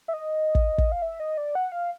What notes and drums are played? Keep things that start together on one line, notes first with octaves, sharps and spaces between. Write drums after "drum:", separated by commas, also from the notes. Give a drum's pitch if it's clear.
E5
D#5
drum: kick
drum: kick
F5
E5
D#5
D5
F#5
F5